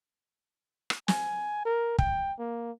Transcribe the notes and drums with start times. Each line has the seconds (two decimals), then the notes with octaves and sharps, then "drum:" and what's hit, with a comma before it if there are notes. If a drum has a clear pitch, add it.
0.90 drum: rim click
1.08 G#5, drum: snare
1.65 A#4
1.99 G5, drum: kick
2.39 A#3